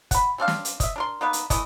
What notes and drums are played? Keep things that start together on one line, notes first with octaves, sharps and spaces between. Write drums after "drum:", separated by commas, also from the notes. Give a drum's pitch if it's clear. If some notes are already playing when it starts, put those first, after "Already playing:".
F#5 B5, drum: kick, hi-hat
G3 C4 D4 F5
drum: snare
drum: hi-hat
D#5 E5, drum: kick, hi-hat
D4 A#4 C6
A#3 B3 D#4 B4
drum: hi-hat
E3 A3 D#5, drum: kick, hi-hat